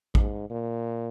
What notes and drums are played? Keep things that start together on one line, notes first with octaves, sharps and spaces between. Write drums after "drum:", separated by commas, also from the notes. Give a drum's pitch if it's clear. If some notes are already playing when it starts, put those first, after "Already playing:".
G#2, drum: kick
A#2